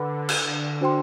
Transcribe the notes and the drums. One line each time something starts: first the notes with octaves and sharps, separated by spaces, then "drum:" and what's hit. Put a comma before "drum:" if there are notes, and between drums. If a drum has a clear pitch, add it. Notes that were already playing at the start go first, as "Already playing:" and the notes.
Already playing: D3 B4 F#5 B5 D6
drum: cymbal
D4 F#4 C5 G5 C6